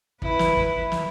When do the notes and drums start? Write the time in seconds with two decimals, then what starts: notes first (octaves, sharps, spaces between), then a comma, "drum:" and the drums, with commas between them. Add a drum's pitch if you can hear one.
0.22 E4 B4, drum: kick
0.39 drum: snare
0.57 drum: kick
0.92 drum: snare